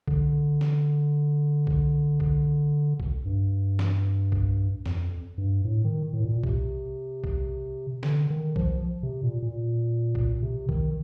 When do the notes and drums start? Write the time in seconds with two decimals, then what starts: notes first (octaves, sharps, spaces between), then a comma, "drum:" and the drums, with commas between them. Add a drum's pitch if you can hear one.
0.08 D3, drum: kick B1
0.61 drum: snare
1.67 drum: kick B1
2.20 drum: kick B1
3.00 drum: kick B1
3.26 G2
3.79 drum: snare
4.32 drum: kick B1
4.86 F2, drum: snare
5.38 G2
5.65 A2
5.85 D#3
6.13 A2
6.25 A#2
6.44 C3, drum: kick B1
7.24 drum: kick B1
8.03 D3, drum: snare
8.30 D#3
8.56 F3, drum: kick B1
9.03 C3
9.23 A#2
9.42 A#2
10.15 drum: kick B1
10.42 C3
10.69 D#3, drum: kick B1